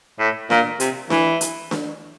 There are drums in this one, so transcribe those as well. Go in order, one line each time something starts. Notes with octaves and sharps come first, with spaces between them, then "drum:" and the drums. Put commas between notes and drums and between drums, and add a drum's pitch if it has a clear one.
A2
A#2, drum: snare D4
C3, drum: hi-hat
E3, drum: snare D4
drum: hi-hat
drum: snare D4